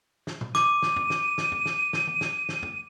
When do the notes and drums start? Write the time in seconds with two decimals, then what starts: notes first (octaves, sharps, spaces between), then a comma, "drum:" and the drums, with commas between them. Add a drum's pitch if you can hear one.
0.27 drum: snare
0.41 drum: tom A#2
0.55 D6 D#7, drum: snare
0.82 drum: snare
0.96 drum: tom
1.10 drum: snare
1.38 drum: snare
1.52 drum: tom
1.66 drum: snare
1.93 drum: snare
2.07 drum: tom
2.21 drum: snare
2.49 drum: snare
2.63 drum: tom